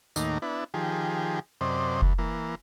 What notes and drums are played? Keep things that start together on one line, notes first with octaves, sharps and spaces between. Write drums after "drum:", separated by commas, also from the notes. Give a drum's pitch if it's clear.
D#2 A2 D#3 A#3 D#4, drum: tambourine
B3 D4 E4
D#3 F3 G4 G#4
F#2 C3 C5 D5 D#5
E2, drum: kick F1
E3 A#3